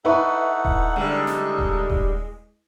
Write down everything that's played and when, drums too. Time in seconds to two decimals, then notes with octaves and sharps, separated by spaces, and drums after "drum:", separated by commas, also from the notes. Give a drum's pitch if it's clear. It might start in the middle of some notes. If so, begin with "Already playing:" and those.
0.05 D#4 E4 A4 B4 F#5 C#6
0.65 drum: kick D#1
0.96 D3 G3 G#3
1.27 drum: snare
1.58 drum: kick D#1
1.90 drum: kick D#1